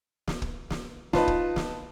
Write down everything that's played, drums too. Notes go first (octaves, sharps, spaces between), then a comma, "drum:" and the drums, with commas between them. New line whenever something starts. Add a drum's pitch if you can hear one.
drum: snare
drum: kick
drum: snare
D#4 F4 B4 A5, drum: snare
drum: kick
drum: snare